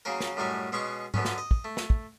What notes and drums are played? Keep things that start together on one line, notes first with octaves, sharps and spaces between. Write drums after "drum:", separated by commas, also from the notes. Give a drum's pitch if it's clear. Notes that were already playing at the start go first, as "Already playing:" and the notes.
C#3 F#3 A#3 C#4 A#4
drum: snare
F#2 A2 F#3 G3 D#4 G#5
B2 G#3 C#4 F#5 C#6 D6
F#2 D3 B3 C#4, drum: tom G#2
drum: snare
D#5
drum: kick
A3
drum: snare
drum: kick